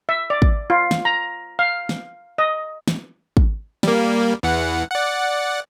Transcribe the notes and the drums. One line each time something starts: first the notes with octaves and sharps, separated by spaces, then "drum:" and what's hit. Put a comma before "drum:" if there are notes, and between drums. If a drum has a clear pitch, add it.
E5
D5
drum: kick
F4
drum: snare
A#5
F5
drum: snare
D#5
drum: snare
drum: kick
G3 A#3, drum: snare
E2 E3 F#5
D5 F#5